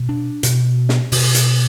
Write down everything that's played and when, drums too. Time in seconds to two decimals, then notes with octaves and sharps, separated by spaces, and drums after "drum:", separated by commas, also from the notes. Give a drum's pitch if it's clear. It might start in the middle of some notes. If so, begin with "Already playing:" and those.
Already playing: B2
0.09 D4
0.43 B2, drum: hi-hat
0.89 drum: snare
1.12 B2, drum: open hi-hat
1.35 drum: hi-hat